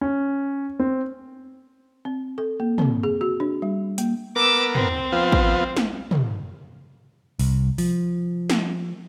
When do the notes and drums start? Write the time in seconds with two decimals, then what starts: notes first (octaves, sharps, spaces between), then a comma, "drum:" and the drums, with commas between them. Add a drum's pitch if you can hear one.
0.01 C#4
0.79 C4
2.05 C4
2.38 A4
2.60 A#3
2.78 C4, drum: tom
3.03 G#4
3.21 F#4
3.40 D4
3.62 G3
3.98 A#3, drum: hi-hat
4.36 B3 A#4 D6 E6
4.75 C4, drum: tom
5.12 F3 B3 F4
5.32 drum: kick
5.77 drum: snare
6.11 drum: tom
7.39 C2, drum: open hi-hat
7.78 F3, drum: open hi-hat
8.50 drum: snare